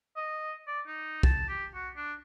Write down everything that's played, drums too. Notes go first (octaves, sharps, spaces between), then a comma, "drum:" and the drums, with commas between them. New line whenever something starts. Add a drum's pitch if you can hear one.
D#5
D5
D#4
A5, drum: kick B1
G4
F#4
D4